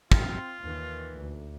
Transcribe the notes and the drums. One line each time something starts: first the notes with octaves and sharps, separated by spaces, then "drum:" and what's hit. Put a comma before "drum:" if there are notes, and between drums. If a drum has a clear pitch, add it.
C4 F4, drum: kick
D#2 D#3 E3
D2